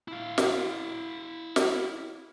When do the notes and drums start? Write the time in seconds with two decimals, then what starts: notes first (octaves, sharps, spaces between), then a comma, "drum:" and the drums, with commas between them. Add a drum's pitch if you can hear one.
0.08 E4 F5
0.38 drum: snare
1.56 drum: snare